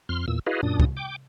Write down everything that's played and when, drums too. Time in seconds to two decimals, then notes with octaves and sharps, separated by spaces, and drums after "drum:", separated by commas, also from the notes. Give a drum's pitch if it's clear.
0.09 F2 C6 F6
0.28 E2 A#2 E6
0.47 E4 F#4 G#4 B4 D#5 F5
0.63 F#2 A#2 D4 D#6
0.80 drum: kick
0.97 G5 D6